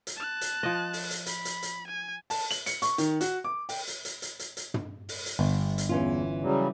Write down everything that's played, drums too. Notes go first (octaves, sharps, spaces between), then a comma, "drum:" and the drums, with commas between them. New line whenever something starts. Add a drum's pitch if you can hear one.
drum: hi-hat
A5 F#6
drum: hi-hat
F3 D#5
drum: open hi-hat
drum: hi-hat
B5, drum: hi-hat
drum: hi-hat
drum: hi-hat
G#5
A5, drum: open hi-hat
F#7, drum: hi-hat
C#7, drum: hi-hat
C#6, drum: hi-hat
D#3, drum: hi-hat
F#4, drum: hi-hat
D6
G5, drum: open hi-hat
drum: hi-hat
drum: hi-hat
drum: hi-hat
drum: hi-hat
drum: hi-hat
drum: tom
drum: open hi-hat
drum: hi-hat
G1 G3 B3
drum: hi-hat
E2 E3 C#4 F4
C#3 F#3 G3